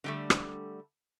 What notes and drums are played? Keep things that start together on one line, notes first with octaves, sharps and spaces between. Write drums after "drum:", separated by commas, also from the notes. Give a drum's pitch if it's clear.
D3 G3 A3
drum: rim click